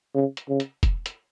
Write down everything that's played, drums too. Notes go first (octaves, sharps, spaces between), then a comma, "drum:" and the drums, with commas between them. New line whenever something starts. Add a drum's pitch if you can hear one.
C#3
drum: hi-hat
C#3
drum: hi-hat
drum: kick, hi-hat
drum: hi-hat